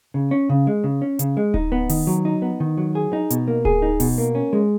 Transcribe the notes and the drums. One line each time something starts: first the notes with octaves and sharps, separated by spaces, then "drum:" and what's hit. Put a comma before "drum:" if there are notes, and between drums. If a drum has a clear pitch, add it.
C#3
C#4
C#3
G#3
C#3
C#4
C#3, drum: hi-hat
G#3
D#4, drum: kick D1
B3
D#3, drum: open hi-hat
F#3
D#4
B3
D#3
F#3
G#4
D#4
B2, drum: hi-hat
A#3
G#4, drum: kick D1
D#4
B2, drum: open hi-hat
A#3
C#4
G#3